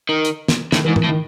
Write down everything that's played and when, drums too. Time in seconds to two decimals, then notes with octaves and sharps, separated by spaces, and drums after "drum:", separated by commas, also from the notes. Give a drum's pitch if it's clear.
0.09 D#3
0.25 drum: hi-hat
0.48 drum: snare
0.72 A2 D#3, drum: snare
0.84 E3
0.88 G#2
0.96 E3, drum: tom
1.04 A2
1.08 D#3